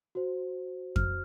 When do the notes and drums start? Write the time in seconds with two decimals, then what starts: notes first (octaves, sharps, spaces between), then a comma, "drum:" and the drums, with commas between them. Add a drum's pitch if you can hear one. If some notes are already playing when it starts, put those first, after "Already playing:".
0.15 F#4 C5
0.96 F6, drum: kick F2